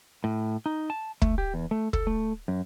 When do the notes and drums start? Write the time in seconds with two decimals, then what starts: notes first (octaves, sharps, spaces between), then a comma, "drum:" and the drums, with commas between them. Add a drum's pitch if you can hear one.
0.24 A2
0.66 D#4
0.90 A5
1.22 A3, drum: kick
1.38 G4
1.54 E2
1.71 A3
1.93 A4, drum: kick
2.07 A3
2.48 F#2